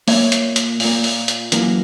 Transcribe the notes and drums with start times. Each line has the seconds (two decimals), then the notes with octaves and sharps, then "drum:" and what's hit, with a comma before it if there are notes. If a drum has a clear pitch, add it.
0.08 A#2 A#3 C#5 E5, drum: open hi-hat
0.32 drum: hi-hat
0.56 drum: hi-hat
0.80 A#2 A#3, drum: open hi-hat
1.04 drum: open hi-hat
1.28 drum: hi-hat
1.52 F#2 E3 A#3, drum: hi-hat